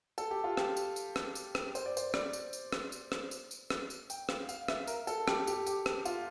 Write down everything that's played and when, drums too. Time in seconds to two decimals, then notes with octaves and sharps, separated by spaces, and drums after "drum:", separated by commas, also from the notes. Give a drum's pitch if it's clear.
0.18 A4, drum: tambourine
0.31 G4
0.44 F4
0.57 G4, drum: rim click
0.77 drum: tambourine
0.96 drum: tambourine
1.16 drum: rim click
1.35 drum: tambourine
1.55 drum: rim click
1.75 C5, drum: tambourine
1.86 D5
1.97 C5, drum: tambourine
2.14 D5, drum: rim click
2.33 drum: tambourine
2.53 drum: tambourine
2.73 drum: rim click
2.92 drum: tambourine
3.12 drum: rim click
3.31 drum: tambourine
3.51 drum: tambourine
3.70 drum: rim click
3.90 drum: tambourine
4.10 G5, drum: tambourine
4.29 F5, drum: rim click
4.49 F5, drum: tambourine
4.68 E5, drum: rim click
4.87 A#4, drum: tambourine
5.07 A4, drum: tambourine
5.28 G4, drum: rim click
5.47 G4, drum: tambourine
5.67 G4, drum: tambourine
5.86 drum: rim click
6.05 F4, drum: tambourine